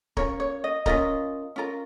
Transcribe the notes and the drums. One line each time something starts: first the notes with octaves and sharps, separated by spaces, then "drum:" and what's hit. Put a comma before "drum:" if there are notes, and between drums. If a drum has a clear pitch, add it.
C#4 F4 A#4 C#5, drum: kick D1
C#5
D#5
C#4 F4 A#4 D#5, drum: kick D1
C#4 F4 A#4